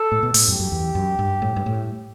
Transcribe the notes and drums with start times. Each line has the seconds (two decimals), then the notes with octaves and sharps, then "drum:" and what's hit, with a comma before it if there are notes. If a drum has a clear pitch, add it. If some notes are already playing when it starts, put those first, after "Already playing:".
Already playing: A4
0.12 A2
0.23 B2
0.34 A2, drum: open hi-hat
0.48 F#2 G4
0.60 F#2
0.72 E2
0.95 F#2
1.19 G2
1.42 A2
1.56 G2
1.66 A2